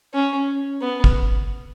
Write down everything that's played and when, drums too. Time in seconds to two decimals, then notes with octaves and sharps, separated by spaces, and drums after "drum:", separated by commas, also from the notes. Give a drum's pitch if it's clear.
0.14 C#4
0.81 B3
1.04 drum: kick